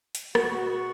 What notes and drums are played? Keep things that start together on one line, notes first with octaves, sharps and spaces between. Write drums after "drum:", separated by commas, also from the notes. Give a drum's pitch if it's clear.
drum: hi-hat
B2 G#3 F#4, drum: rim click